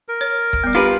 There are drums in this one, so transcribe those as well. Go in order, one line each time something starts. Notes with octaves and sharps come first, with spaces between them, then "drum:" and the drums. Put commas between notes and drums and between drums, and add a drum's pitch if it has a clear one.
A#4
C#5
drum: kick
G3 B3
D4 F4 G4 B4